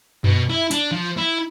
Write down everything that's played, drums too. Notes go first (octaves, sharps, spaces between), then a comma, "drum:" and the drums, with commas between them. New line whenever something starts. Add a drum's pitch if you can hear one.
B2, drum: tom F#2
E4
D4, drum: hi-hat
F3
E4